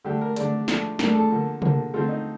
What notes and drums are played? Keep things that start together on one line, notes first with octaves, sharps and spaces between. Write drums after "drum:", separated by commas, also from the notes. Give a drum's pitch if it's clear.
D3 A3 D4 G4
A#4
D3 A3 D4 D5, drum: hi-hat
A2 F3 A3 D4, drum: snare
A2 F3 A3 D4 A#4, drum: snare
A4
D3 F3 A#3
D3 F3 A#3, drum: tom C3
D3 A3 C4 F4
D#4